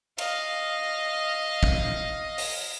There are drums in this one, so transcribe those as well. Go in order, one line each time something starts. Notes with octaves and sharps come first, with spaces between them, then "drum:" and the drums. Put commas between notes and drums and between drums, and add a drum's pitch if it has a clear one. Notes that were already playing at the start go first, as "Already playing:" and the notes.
D#5 F5, drum: cymbal
drum: kick
drum: open hi-hat